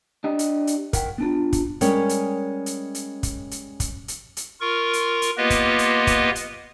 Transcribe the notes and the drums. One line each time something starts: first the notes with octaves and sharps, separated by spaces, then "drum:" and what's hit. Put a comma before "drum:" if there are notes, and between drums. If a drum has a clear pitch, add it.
D4 G4 D#5
drum: hi-hat
drum: hi-hat
A#4 F#5 G5, drum: kick, hi-hat
B3 D4 F4
drum: kick, hi-hat
G3 G#3 C#4 A#4 C#5 G5, drum: hi-hat
drum: hi-hat
drum: hi-hat
drum: hi-hat
drum: kick, hi-hat
drum: hi-hat
drum: kick, hi-hat
drum: hi-hat
drum: hi-hat
F4 A#4 C#6
drum: hi-hat
drum: hi-hat
A#3 B3 F4 G4 B4 D#5
drum: kick, hi-hat
drum: hi-hat
drum: kick, hi-hat
drum: hi-hat